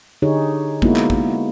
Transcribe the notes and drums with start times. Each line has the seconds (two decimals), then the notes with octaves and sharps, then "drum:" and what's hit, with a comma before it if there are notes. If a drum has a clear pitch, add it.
0.22 D3 D#4 G4 G#4 C#5
0.82 G#3 A#3 B3 D#4 E4 F#4, drum: kick
0.96 drum: clap
1.10 drum: kick